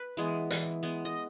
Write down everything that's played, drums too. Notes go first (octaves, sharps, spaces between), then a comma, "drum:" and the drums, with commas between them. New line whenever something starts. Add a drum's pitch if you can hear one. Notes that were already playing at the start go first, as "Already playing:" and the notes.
Already playing: B4
E3 G#3 B3
E3, drum: hi-hat
G#3 B3
D#5